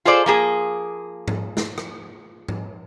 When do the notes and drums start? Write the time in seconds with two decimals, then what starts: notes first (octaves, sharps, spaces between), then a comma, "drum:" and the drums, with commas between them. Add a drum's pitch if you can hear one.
0.05 F4 G#4 A4 C5 D5
0.26 F3 A#3 G#4
1.28 drum: tom G#2
1.57 drum: snare
1.78 drum: rim click
2.48 drum: tom G#2